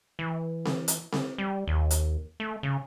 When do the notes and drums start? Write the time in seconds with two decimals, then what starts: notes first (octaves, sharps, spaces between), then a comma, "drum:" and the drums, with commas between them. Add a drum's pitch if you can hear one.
0.19 E3
0.65 drum: snare C4
0.88 drum: hi-hat
1.12 drum: snare C4
1.38 G3
1.67 D#2
1.91 drum: hi-hat
2.40 A3
2.63 C#3